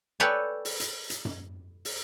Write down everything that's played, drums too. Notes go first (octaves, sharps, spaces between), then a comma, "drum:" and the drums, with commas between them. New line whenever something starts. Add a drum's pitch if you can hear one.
A4 B4 C#5 D5 G5 G#5
drum: open hi-hat
drum: hi-hat
drum: hi-hat
drum: tom F#2
drum: open hi-hat